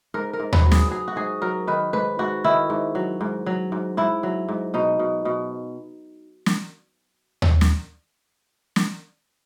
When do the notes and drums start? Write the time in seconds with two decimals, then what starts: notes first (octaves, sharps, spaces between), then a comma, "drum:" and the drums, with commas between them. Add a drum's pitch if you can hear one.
0.14 G#2 A#4
0.33 A#4
0.40 G#2
0.52 B4, drum: tom D#2
0.65 F#3
0.71 G#4, drum: snare
0.90 F#3 G#4
1.08 F#4
1.16 G#2 G#4
1.42 F#3 A#4
1.67 D#3 B4
1.93 G#2 B4
2.19 G#2 F#4
2.44 D#3 E4
2.70 G#2
2.95 F#3
3.21 G#2
3.46 F#3
3.72 G#2
3.97 G#2 E4
4.23 F#3
4.49 G#2
4.74 B2 D#4
4.99 B2
5.25 B2
6.46 drum: snare
7.42 drum: tom D#2
7.61 drum: snare
8.76 drum: snare